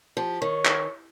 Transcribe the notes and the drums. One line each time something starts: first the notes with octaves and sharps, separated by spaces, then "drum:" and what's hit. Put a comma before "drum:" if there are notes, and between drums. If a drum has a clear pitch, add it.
F3 G4
D#3 C#5
drum: clap